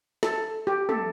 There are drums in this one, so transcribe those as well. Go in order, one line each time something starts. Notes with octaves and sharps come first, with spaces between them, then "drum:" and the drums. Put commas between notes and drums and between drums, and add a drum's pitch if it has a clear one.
A4, drum: snare
G4
A4, drum: tom